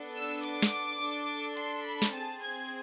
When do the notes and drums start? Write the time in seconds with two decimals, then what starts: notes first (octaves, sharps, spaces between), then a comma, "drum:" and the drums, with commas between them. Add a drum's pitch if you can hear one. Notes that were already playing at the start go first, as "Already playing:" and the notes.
Already playing: B3 D4 A4
0.15 E6
0.44 D6, drum: hi-hat
0.62 drum: snare
1.01 D4 A4
1.57 C6, drum: hi-hat
1.85 B5
2.02 drum: snare
2.14 C4 G#4 A5
2.43 G#6